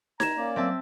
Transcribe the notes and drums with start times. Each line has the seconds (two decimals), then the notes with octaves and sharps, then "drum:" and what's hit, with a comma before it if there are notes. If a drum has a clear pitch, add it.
0.20 A#5 G#6 E7, drum: snare D#4
0.37 A#3 C#4 D5
0.56 F#3 C4 E5 A5